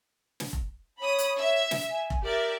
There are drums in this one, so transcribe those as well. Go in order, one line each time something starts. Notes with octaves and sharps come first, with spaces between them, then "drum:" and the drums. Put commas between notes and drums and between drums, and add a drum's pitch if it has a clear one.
drum: snare
drum: kick F1
C#5 B5 D#6
drum: hi-hat
E5
drum: snare
G#5
drum: kick F1
G4 A#4 D5 E5